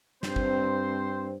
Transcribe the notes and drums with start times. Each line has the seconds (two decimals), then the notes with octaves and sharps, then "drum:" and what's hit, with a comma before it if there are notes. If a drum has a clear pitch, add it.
0.23 G2 C4 C5, drum: snare
0.36 drum: kick